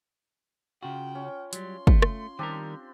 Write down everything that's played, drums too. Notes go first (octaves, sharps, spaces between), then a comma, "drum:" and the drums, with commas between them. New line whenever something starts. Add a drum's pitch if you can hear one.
C#3 F4 F#4 G5
C#4
F#3 G3 C6, drum: hi-hat
A3, drum: kick
drum: rim click
D#3 G3 C4 D4 G4 A#4